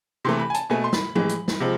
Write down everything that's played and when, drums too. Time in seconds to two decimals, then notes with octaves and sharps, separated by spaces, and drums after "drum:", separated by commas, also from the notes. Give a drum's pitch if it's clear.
0.25 C3 E3 A3 C6
0.39 B5
0.50 G#5
0.54 A5, drum: hi-hat
0.70 B2 A3 G#5
0.84 C6
0.93 B5, drum: snare
1.16 A2 E3 G#3, drum: tom F3
1.29 drum: hi-hat
1.48 drum: snare
1.60 C3 F3 G#3